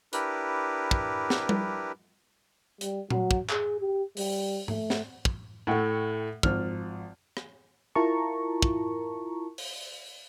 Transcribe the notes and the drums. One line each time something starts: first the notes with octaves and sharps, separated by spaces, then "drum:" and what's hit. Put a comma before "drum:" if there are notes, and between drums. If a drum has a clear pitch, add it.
D4 E4 G4 A#4 B4, drum: hi-hat
drum: kick
drum: snare
drum: tom G3
G3, drum: hi-hat
F#3, drum: tom A#2
drum: kick
G#4, drum: clap
G4
G3, drum: open hi-hat
A3, drum: tom G#2
drum: snare
drum: kick
A2 A3 F#5 G5
G#1 F3 F6, drum: kick
drum: rim click
E4 F4 A#4 A5 A#5 C#6
drum: kick
drum: open hi-hat